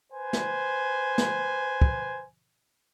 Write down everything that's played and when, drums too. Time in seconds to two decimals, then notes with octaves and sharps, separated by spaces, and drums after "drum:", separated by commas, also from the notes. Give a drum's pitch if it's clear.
0.12 B4 C5 G#5
0.33 drum: snare
1.18 drum: snare
1.82 drum: kick